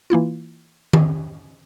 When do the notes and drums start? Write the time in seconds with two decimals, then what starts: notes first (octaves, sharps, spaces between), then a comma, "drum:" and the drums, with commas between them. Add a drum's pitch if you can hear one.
0.10 E3 A#3 E4 F4
0.93 drum: tom D#3